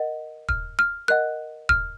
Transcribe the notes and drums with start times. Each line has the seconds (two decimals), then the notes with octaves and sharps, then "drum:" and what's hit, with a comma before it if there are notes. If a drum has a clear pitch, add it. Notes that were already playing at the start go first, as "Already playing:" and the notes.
Already playing: A#4 D#5 F#5
0.49 F6, drum: kick
0.79 F6
1.08 A#4 D#5 F#5 F#6
1.69 F6, drum: kick